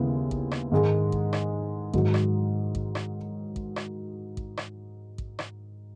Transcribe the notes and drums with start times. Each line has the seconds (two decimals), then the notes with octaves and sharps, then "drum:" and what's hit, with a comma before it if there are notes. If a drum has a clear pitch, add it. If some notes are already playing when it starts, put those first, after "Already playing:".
Already playing: D#2 C#3 G#3 B3 E4
0.31 drum: kick A1
0.51 drum: rim click
0.72 G#2 D#3 G#3
1.12 drum: kick A1
1.33 drum: rim click
1.93 G#2 D#3 F#3, drum: kick A1
2.14 drum: rim click
2.75 drum: kick A1
2.95 drum: rim click
3.56 drum: kick A1
3.76 drum: rim click
4.37 drum: kick A1
4.57 drum: rim click
5.18 drum: kick A1
5.39 drum: rim click